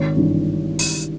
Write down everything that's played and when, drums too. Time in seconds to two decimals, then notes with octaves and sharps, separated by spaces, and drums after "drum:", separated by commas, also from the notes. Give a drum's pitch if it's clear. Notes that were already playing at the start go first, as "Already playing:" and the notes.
Already playing: G#1 C#5
0.17 G2 E3
0.79 drum: open hi-hat